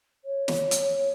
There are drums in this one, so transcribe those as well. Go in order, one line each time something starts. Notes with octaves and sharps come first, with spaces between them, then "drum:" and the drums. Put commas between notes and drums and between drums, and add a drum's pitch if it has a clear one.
C#5
drum: snare
drum: hi-hat